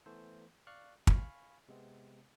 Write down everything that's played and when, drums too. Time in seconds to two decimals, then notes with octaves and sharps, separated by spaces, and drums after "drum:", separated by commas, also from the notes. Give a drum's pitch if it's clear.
0.06 E3 A3 B3 A4 C5
0.67 D5 F5 C#6 F6 F#6
1.07 F5 G#5 B5 C#6 F6, drum: kick
1.68 C3 G#3 B3 C4